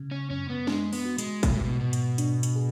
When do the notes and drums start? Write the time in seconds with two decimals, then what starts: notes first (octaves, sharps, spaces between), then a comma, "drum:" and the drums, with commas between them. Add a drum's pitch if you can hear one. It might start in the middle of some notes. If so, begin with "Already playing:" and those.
Already playing: C#3
0.11 C#4
0.30 F#2 C#4
0.50 B3
0.67 G#3 D4, drum: snare
0.93 B3, drum: open hi-hat
1.05 F#4
1.18 G#3, drum: hi-hat
1.43 B2 G#3, drum: kick, hi-hat
1.53 A2
1.65 B2
1.81 G#2 B2
1.93 drum: hi-hat
2.18 D4, drum: hi-hat
2.43 drum: hi-hat
2.56 G#4